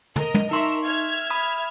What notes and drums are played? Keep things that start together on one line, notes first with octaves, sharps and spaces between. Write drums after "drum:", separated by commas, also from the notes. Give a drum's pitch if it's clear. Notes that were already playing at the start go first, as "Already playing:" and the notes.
A#4 D#5, drum: tom
drum: tom
D#4 A#4 E5 C6 C#6 E6
E5 F6 G#6
B5 D#6